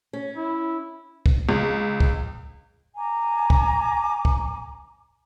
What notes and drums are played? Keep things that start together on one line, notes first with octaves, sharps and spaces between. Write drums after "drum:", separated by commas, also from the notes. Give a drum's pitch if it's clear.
C#4
E4
drum: kick
C#2
drum: kick
G#5 A#5 D6
drum: kick
drum: kick